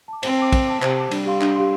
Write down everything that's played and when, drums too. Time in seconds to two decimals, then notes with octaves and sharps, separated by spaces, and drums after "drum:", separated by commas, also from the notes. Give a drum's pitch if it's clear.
0.08 A5 D6
0.23 C4 C5, drum: cymbal
0.38 A5 D6
0.52 C5, drum: kick, cymbal
0.67 A5 D6
0.82 C3 C5, drum: clap
0.97 A5 D6
1.11 G3 D4, drum: cymbal
1.26 G4 F5 C6
1.41 D4, drum: clap
1.56 G4 F5 C6